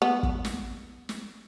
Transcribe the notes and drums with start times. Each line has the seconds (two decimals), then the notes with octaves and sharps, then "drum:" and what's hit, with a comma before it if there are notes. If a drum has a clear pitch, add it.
0.02 B3
0.23 drum: kick
0.45 drum: snare
1.09 drum: snare